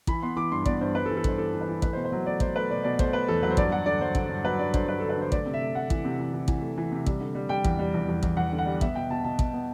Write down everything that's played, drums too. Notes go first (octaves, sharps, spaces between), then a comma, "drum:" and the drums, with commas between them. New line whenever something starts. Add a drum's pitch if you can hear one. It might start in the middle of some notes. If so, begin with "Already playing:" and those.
E3 B5, drum: kick A1
B3 C6
E3 D6
G2 C6
B3 D5, drum: kick A1
G2 C5
G2 B4
A4
E3
A4
G2 C5, drum: kick A1
E3 A4
E3
B4
E3
A3 B4, drum: kick A1
C5
B2
C5
F#3
A3 D5
F#3 C5, drum: kick A1
A3 B4
B2 D5
B2 D5
A3 C5, drum: kick A1
A3 B4
E2 A4
F#3 B4
C5
G2 D5, drum: kick A1
F#3 F#5
D3 D5
F#3 C5
D3, drum: kick A1
G2
F#3 B4
G2 D5
D3 C5, drum: kick A1
G2 B4
D3 A4
B4
D3 C5
A3 D5, drum: kick A1
C3
E5
A3
A3 F#5
E3, drum: kick A1
C3
E3
E3
E3, drum: kick A1
A3
E3
C3
G3, drum: kick A1
D3
G3
G3 G5
E2, drum: kick A1
G3
E2
E2
E2, drum: kick A1
E2 F#5
D3
F#5
G3
B3 E5, drum: kick A1
B2 G5
B2 A5
B2 A5
B2, drum: kick A1
B3